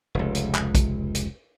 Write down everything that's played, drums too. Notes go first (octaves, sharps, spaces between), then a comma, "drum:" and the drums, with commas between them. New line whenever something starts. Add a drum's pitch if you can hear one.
F1 C#2
drum: hi-hat
drum: clap
drum: kick A#1, hi-hat
drum: hi-hat